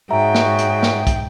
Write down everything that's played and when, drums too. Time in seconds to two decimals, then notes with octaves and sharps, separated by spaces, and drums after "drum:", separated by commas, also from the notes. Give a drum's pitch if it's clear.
0.11 G#2 F#4 G#4 C#5 E5 G5 A#5
0.35 drum: snare
0.59 drum: hi-hat
0.83 drum: snare
1.07 drum: kick, hi-hat